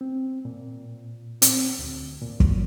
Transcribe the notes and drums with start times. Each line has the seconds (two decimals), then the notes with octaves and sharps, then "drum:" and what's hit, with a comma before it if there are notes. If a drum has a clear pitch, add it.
0.01 C4
0.45 A#2
1.42 C4, drum: hi-hat
1.79 D2
2.22 A#2
2.40 drum: kick